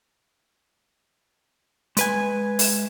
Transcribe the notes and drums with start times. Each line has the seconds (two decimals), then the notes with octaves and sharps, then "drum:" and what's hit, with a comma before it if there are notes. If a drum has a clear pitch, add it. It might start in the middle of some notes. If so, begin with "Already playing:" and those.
1.97 G#3 B4 G#5, drum: hi-hat
2.59 drum: open hi-hat